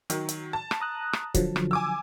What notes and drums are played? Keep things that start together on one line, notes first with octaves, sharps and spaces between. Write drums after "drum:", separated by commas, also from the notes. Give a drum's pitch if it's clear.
D#3 F#3, drum: hi-hat
drum: hi-hat
A5
drum: rim click
A#5 D#6 F#6
drum: rim click
D3 F3 F#3, drum: kick, hi-hat
drum: rim click
G#5 D6 E6